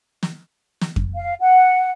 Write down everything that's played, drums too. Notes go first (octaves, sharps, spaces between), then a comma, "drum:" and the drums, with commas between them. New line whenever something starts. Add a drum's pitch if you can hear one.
drum: snare
drum: snare
drum: kick F2
F5
F#5